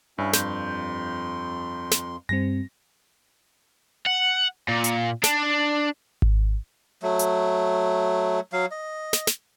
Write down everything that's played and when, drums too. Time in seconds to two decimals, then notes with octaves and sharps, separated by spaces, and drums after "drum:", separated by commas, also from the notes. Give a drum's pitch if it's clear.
0.18 G2 C#4 E4
0.33 F2 C6 G6, drum: snare
1.91 drum: snare
2.29 G2 G3 C4 A#6
4.06 F#5
4.68 A#2
4.84 drum: hi-hat
5.24 D4, drum: snare
6.22 drum: kick G#1
7.03 F#3 A3
7.19 drum: hi-hat
8.53 F#3 F5
8.71 D#5
9.13 drum: snare
9.27 drum: snare